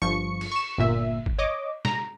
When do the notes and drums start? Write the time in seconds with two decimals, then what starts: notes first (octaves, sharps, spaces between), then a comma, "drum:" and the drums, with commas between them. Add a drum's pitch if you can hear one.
0.02 G1 F3 C#6 C#7
0.41 drum: cymbal
0.52 C#6 E7
0.78 G1 A#2 E5
1.26 drum: kick G1
1.38 C#5 D#5 D6
1.85 A#5, drum: snare